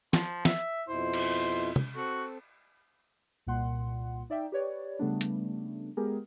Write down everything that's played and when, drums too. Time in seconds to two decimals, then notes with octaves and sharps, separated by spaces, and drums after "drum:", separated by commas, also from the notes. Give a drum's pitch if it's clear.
0.13 F3, drum: snare
0.45 E5, drum: snare
0.88 F2 B2 E4 C5
1.14 drum: cymbal
1.76 drum: tom
1.96 C4 F#4 A4
3.47 C2 A#2 F#5 C6
4.30 D#4 D5 E5 G5
4.52 G4 B4 C#5 D5
4.99 C#3 G3 A3 B3 D4
5.21 drum: hi-hat
5.97 G#3 B3 G4 G#4 A#4